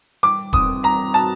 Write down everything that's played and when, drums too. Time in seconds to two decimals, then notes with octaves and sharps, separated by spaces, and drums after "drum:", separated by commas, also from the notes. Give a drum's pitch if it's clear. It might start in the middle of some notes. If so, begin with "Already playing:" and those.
0.23 G3 D6
0.53 C4 D#6, drum: kick D#1
0.84 G3 A#5
1.14 F#4 A5